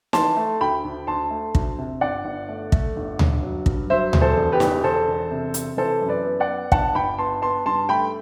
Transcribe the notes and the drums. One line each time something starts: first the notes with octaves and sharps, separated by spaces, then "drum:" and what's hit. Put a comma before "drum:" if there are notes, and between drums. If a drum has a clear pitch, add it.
E3 A5 C6, drum: snare
A3
D2 G5 B5
D2
D2 A5 C6
A3
D2, drum: kick
C3
G1 D5 F#5
G1
A3
A3, drum: kick
G1
G1, drum: tom D2
F#3
G2, drum: kick
F#3 C5 E5
E2, drum: tom D2
A4 C5
E1
G4 B4
E2, drum: snare
E1 A4 C5
E1
C3
C3, drum: hi-hat
E3 A4 C5
F#2
B4 D5
B3
D5 F#5
B3
G1 F#5 A5, drum: kick
G1 G5 B5
B3 A5 C6
B3 A5 C6
G2 A5 C6
A3 G5 B5